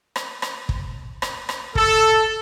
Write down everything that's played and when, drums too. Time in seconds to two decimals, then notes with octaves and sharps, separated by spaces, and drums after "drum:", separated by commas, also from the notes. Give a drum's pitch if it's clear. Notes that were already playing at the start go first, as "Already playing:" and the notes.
0.16 drum: rim click
0.42 drum: rim click
0.69 drum: kick
1.22 drum: rim click
1.49 drum: rim click
1.75 A4, drum: kick